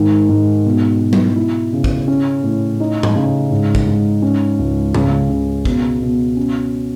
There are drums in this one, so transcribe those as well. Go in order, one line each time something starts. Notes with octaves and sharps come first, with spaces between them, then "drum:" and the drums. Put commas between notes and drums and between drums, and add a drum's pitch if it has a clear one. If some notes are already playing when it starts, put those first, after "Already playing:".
Already playing: G#2 D#3
G#2
B2
B2
drum: tom F#3
E4
C#3
drum: kick
C#4
A2
D#4
drum: tom G#2
C#3
G#2
drum: kick
G#2
C#4
C#2
C#3, drum: tom G#2
C#3
B2, drum: kick
B2
C#4